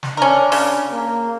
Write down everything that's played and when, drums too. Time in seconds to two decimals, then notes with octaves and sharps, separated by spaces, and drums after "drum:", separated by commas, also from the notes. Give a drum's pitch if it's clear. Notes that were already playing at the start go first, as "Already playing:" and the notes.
0.03 drum: snare
0.17 C#4 D4 A#4
0.52 C#3, drum: open hi-hat
0.92 A#3